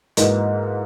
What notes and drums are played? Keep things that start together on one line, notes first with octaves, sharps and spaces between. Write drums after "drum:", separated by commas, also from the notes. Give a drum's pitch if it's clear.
G#2 E3 A#3 D#4 F#4, drum: hi-hat